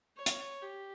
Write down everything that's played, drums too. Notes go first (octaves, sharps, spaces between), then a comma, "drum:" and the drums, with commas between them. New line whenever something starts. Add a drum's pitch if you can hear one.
C#5
drum: hi-hat
G4